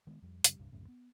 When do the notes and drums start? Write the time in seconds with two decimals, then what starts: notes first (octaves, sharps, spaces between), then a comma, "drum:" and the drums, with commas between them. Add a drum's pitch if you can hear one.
0.07 D#3 G#3 A3 B3
0.22 F2 G3
0.44 F#2 C#3 G3, drum: hi-hat
0.59 D#1 C2 G2
0.72 C2 F#2 A2 C#3
0.88 B3